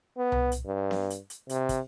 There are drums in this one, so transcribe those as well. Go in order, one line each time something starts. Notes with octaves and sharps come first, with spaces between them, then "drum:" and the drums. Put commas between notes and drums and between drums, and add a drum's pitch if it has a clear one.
B3
drum: tom C2
drum: hi-hat
G2
drum: snare B3
drum: hi-hat
drum: hi-hat
C3, drum: hi-hat
drum: kick, hi-hat